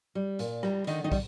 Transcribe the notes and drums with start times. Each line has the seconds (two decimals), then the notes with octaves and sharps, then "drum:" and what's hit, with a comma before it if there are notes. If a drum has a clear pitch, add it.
0.15 G3
0.39 A#2, drum: hi-hat
0.63 G3, drum: rim click
0.87 D3 D#3 D#4, drum: hi-hat
1.04 D#3 D#4
1.12 G3, drum: kick, open hi-hat